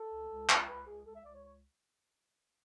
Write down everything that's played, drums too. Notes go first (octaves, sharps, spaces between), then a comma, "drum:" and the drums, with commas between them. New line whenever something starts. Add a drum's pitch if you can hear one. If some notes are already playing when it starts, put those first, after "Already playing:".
Already playing: A4
C#2
C#2
C#2, drum: clap
C#2 B4
C#2 G#4
C#2 A4
E5
C#2 D5
C#5
C#5